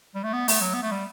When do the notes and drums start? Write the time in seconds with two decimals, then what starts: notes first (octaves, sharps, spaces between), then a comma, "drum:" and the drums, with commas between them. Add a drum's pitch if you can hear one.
0.15 G3
0.24 A3
0.33 B3
0.48 A3, drum: open hi-hat
0.61 F#3
0.74 B3
0.83 A3
0.91 G3